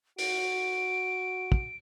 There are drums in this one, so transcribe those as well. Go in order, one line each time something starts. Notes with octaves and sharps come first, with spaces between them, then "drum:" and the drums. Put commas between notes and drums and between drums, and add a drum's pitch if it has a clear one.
F#4 D7, drum: open hi-hat
drum: kick